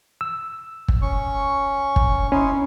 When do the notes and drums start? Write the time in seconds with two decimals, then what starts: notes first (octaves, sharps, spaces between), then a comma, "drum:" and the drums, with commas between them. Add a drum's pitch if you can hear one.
0.21 E6
0.88 drum: kick
1.02 C#4 C#6
1.96 drum: kick
2.32 C#4 D#4 E4 C6